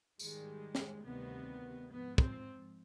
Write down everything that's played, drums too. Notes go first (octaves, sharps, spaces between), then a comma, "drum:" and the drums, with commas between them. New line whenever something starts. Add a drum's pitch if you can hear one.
G#2 D#3 G3 G#3, drum: tambourine
drum: snare
D2 C3 D#3 G3 B3
G#2 F3 B3
C4, drum: kick